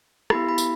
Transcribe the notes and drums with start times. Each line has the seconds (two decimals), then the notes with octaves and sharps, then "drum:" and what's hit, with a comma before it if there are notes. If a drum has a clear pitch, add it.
0.30 B3 E4 G4 B5, drum: rim click
0.49 B5
0.58 drum: tambourine